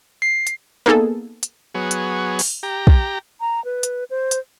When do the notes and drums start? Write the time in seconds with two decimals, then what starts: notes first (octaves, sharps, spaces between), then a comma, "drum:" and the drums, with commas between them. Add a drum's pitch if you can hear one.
0.22 C7
0.47 drum: hi-hat
0.86 A#3 B3 D#4 G#4 A4
1.43 drum: hi-hat
1.75 F#3 B3 G#4 C#5
1.91 drum: hi-hat
2.39 drum: open hi-hat
2.63 G4 A#5
2.87 drum: kick
3.41 A#5
3.65 B4
3.83 drum: hi-hat
4.10 C5
4.31 drum: hi-hat